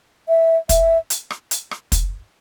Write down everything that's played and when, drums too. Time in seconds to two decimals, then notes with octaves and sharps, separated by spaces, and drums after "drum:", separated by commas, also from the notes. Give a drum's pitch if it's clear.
0.28 E5
0.69 E5, drum: kick, hi-hat
1.10 drum: hi-hat
1.31 drum: rim click
1.51 drum: hi-hat
1.71 drum: rim click
1.92 drum: kick, hi-hat